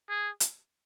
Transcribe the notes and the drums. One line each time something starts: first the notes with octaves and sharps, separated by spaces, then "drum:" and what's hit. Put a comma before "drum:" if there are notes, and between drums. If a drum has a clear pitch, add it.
G#4
drum: hi-hat